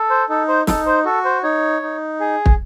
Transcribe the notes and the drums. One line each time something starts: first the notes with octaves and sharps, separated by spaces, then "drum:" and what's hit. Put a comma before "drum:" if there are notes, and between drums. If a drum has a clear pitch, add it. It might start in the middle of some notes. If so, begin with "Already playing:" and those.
Already playing: A4
C5
D#4 A4
C5
D#4 A4, drum: snare
C5
F#4 A4
C5
D#4 C#5
D#4
G#4
drum: kick